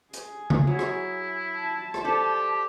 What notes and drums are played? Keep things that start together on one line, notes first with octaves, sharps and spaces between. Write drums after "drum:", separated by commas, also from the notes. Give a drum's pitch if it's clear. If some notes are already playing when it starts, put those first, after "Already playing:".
G#4, drum: hi-hat
drum: tom C#3
F#3 E4
drum: rim click
A5
drum: rim click
G4 A4 C5 D5